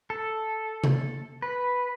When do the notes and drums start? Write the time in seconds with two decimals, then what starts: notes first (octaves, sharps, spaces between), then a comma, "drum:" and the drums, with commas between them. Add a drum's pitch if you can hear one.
0.10 A4
0.84 drum: tom C3
1.42 B4